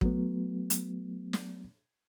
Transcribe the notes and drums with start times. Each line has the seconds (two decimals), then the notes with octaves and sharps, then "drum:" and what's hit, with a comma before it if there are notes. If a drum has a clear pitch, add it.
0.01 F#3 A3 B3, drum: kick
0.70 drum: hi-hat
1.33 drum: snare